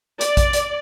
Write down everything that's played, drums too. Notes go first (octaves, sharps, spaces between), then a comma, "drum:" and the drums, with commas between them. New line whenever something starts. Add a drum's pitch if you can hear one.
D5, drum: hi-hat
drum: kick A#1, hi-hat
drum: hi-hat